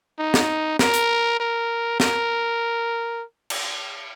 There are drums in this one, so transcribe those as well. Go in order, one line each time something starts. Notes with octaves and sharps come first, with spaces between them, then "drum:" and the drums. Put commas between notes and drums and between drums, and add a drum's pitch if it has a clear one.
D#4
drum: snare
A#4, drum: snare
drum: hi-hat
A#4
A#4, drum: snare
drum: cymbal